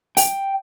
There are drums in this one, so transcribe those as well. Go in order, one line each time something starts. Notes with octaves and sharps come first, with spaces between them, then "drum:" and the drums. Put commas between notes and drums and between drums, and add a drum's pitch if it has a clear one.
G5, drum: open hi-hat